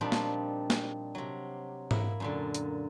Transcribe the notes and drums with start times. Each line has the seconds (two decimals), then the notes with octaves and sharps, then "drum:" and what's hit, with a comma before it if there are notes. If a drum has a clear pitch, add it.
0.01 A#2 F3 G3 C4 D4 D#4
0.12 drum: snare
0.70 drum: snare
1.15 C3 F#3
1.91 A#3 E4, drum: tom G#2
2.20 F#2 A#2 D3
2.55 drum: hi-hat